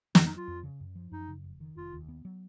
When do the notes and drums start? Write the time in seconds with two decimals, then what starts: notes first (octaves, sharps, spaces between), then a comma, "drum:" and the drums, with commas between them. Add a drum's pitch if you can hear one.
0.15 F2 C#4, drum: snare
0.26 D#4
0.32 F#3
0.37 F4
0.48 F2
0.63 C#3
0.80 F#2
0.95 F3
1.12 F#2 D#4
1.28 C#3
1.44 F1
1.60 D#3
1.76 F1 F4
1.93 D#2
2.09 B3
2.25 F#3